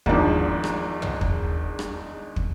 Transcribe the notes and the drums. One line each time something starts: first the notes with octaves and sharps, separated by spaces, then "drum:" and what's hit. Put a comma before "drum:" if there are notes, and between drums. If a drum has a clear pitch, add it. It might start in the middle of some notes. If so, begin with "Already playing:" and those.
E2 G#2 D#3 F3 D4, drum: kick
drum: rim click
drum: tom
drum: kick
drum: rim click
drum: kick